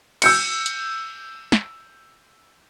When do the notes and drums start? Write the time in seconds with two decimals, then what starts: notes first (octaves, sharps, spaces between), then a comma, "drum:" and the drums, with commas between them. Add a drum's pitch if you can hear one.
0.22 E6 G6 C#7, drum: cymbal
0.66 drum: hi-hat
1.52 drum: snare